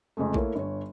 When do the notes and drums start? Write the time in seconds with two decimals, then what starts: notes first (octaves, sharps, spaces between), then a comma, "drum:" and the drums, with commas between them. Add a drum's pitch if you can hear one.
0.17 F2 C#3 G#3 A3
0.34 A3 A#3 E4 C#5, drum: kick A#1
0.55 G1 C#5